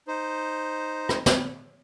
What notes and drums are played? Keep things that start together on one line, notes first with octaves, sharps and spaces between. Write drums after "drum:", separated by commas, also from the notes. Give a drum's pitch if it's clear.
D#4 C5
drum: rim click
drum: snare